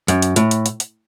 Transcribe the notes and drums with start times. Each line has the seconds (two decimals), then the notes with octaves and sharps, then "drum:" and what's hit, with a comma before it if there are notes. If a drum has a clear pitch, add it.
0.08 F#2, drum: hi-hat
0.22 drum: hi-hat
0.36 A2, drum: hi-hat
0.51 drum: hi-hat
0.66 drum: hi-hat
0.80 drum: hi-hat